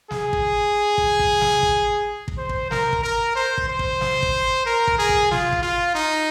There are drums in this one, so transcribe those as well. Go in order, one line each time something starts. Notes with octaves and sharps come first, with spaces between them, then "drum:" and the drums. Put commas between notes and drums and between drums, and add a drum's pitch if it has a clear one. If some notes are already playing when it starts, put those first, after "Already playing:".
G#4, drum: snare
drum: kick
drum: kick
drum: kick
drum: snare
drum: kick
drum: kick
C5
drum: kick
A#4, drum: snare
drum: kick
A#4
C5
drum: kick
C5
drum: kick
drum: snare
drum: kick
A#4
drum: kick
G#4
drum: kick
F4, drum: snare
drum: kick
F4
D#4